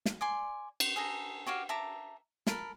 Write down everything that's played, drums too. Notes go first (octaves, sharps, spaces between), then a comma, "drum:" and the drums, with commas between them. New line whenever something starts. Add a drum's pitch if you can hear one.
drum: snare
D5 G#5 C6
drum: cymbal
G#4 A4 A#5
F#4 G4 C#5 F5
E5 A5 A#5 D6
A4 A#4 B5, drum: snare